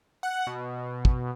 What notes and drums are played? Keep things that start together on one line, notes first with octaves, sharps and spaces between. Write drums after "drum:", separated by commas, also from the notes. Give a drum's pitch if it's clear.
F#5
B2
drum: kick